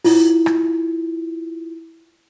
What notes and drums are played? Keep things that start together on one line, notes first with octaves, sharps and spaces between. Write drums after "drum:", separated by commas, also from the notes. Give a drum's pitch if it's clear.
E4 F4, drum: open hi-hat
drum: rim click